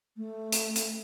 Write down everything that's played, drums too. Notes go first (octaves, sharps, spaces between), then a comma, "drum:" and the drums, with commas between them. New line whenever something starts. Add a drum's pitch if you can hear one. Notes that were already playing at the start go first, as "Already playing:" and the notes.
A3
drum: hi-hat
drum: hi-hat